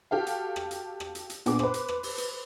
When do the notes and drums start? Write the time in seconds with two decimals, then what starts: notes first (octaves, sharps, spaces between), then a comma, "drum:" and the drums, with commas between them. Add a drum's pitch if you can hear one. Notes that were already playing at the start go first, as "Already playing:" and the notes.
0.11 F#4 G4 A4 F5
0.27 drum: hi-hat
0.56 drum: rim click
0.71 drum: hi-hat
1.00 drum: rim click
1.15 drum: hi-hat
1.30 drum: hi-hat
1.46 A#2 B3 D4 G#4 D6, drum: hi-hat
1.59 B4 C5, drum: rim click
1.74 drum: hi-hat
1.88 drum: rim click
2.03 drum: open hi-hat
2.18 drum: hi-hat